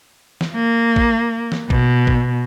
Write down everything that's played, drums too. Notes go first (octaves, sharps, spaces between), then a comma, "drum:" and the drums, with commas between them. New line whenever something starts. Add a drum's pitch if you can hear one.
drum: snare
A#3
drum: kick
drum: snare
B2, drum: kick
drum: kick